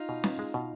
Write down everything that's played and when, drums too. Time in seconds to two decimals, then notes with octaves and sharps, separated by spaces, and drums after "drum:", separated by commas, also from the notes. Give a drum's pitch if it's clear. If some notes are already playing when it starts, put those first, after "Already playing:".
Already playing: D#4 F4
0.09 B2
0.24 B3, drum: snare
0.39 G#3
0.54 B2